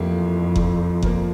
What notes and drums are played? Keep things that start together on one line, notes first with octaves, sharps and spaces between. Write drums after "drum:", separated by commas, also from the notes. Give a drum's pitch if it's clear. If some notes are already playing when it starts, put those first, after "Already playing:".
Already playing: F2 A2 E3 A#3 E4 G4
drum: kick F#1
A#2 F3 A#3, drum: kick F#1